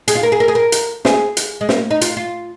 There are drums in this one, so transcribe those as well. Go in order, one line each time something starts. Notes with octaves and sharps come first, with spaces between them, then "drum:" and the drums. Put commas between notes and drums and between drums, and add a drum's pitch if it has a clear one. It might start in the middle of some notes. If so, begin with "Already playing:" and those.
G#4, drum: hi-hat
F4
A#4
G#4
A#4
G#4
A#4
drum: hi-hat
G#4, drum: snare
drum: hi-hat
G#3
A#3, drum: snare
D#4
F4, drum: hi-hat
F4